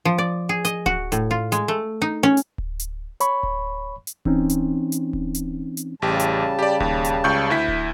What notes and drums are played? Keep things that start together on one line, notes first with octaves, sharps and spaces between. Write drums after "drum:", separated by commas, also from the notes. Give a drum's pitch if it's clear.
F3
D5
G#4
D#5, drum: hi-hat
F#4, drum: kick D1
A2, drum: hi-hat
F4
G#3, drum: hi-hat
A3
D#4
C#4
drum: hi-hat
drum: kick D1
drum: hi-hat
C#5 B5 C#6, drum: hi-hat
drum: kick D1
drum: hi-hat
E3 C4 C#4 D#4, drum: kick D1
drum: hi-hat
drum: hi-hat
drum: kick D1
drum: hi-hat
drum: hi-hat
A1 C#3 G3 G4 A5
drum: hi-hat
G4 D5
D#2, drum: kick D1
drum: hi-hat
C#2 C#6 G6
D2 E4 B6
drum: kick D1